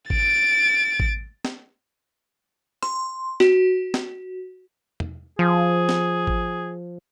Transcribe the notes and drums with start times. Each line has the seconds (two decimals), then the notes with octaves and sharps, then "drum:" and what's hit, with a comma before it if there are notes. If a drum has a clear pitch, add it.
0.10 A6 D7, drum: kick G#1
1.00 drum: kick G#1
1.45 drum: snare
2.83 C6, drum: rim click
3.40 F#4, drum: snare
3.94 drum: snare
5.00 drum: tom E2
5.39 F3 G#4
5.89 drum: snare
6.27 drum: kick G#1